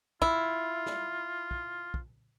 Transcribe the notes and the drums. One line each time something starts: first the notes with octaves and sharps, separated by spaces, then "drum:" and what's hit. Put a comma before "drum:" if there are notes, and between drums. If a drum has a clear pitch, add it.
E4 F4, drum: kick
drum: snare
drum: kick
drum: kick